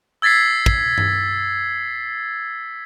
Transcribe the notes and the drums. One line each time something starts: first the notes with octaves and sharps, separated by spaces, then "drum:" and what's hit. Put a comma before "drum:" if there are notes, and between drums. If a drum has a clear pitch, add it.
E6 G#6 A6 B6 C7
drum: kick
drum: tom G2